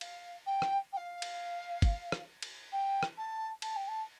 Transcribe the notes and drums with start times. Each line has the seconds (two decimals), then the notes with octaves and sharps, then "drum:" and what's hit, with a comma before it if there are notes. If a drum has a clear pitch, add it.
0.01 F5, drum: cymbal
0.46 G5
0.62 drum: rim click
0.93 G5
0.97 F5
1.22 drum: cymbal
1.82 drum: kick, cymbal
2.12 drum: rim click
2.42 drum: cymbal
2.72 G5
3.03 drum: rim click
3.18 A5
3.62 A5, drum: cymbal
3.76 G5
3.88 A5